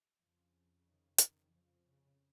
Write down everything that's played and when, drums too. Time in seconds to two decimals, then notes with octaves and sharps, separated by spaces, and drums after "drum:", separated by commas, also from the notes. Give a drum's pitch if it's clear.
0.19 F2 C#3 F3
0.86 D#3
1.18 D#3, drum: hi-hat
1.51 F3
1.85 C#3